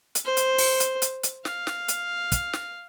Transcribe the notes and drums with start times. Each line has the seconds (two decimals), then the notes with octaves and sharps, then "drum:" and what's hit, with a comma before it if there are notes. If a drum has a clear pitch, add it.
0.15 drum: hi-hat
0.25 C5
0.37 drum: hi-hat
0.59 drum: open hi-hat
0.80 drum: hi-hat
1.02 drum: hi-hat
1.23 drum: hi-hat
1.45 F5, drum: snare
1.67 drum: snare
1.88 drum: hi-hat
2.32 drum: kick, hi-hat
2.53 drum: snare